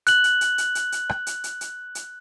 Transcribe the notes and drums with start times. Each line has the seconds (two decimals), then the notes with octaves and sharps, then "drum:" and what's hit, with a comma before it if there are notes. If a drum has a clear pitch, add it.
0.07 F#6 F#7, drum: hi-hat
0.24 drum: hi-hat
0.41 drum: hi-hat
0.58 drum: hi-hat
0.75 drum: hi-hat
0.92 drum: hi-hat
1.09 drum: rim click
1.27 drum: hi-hat
1.44 drum: hi-hat
1.61 drum: hi-hat
1.95 drum: hi-hat